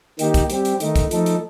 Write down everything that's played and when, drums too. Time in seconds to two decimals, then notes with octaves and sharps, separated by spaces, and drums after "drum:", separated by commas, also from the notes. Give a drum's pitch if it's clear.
0.19 D#3 A#3 D#4 G4, drum: hi-hat
0.34 drum: kick, hi-hat
0.50 G3 C4 G4, drum: hi-hat
0.65 drum: hi-hat
0.80 D#3 A3 D#4, drum: hi-hat
0.96 drum: kick, hi-hat
1.11 F3 A3 D#4 A4, drum: hi-hat
1.26 drum: hi-hat